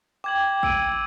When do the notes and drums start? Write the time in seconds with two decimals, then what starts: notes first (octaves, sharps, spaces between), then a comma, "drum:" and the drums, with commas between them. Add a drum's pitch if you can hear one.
0.24 G5 D6 G#6 F#7
0.63 E6 D7 D#7, drum: kick